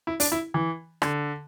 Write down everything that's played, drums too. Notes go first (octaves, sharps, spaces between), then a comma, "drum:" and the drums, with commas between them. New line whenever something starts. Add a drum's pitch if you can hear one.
E4
D4, drum: open hi-hat
E4
E3
D3, drum: rim click